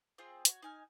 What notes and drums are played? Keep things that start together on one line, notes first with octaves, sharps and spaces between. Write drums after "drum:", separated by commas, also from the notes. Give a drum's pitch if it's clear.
C4 F4 G#4
F#4 C5 C#5, drum: hi-hat
D#4 G#5 F6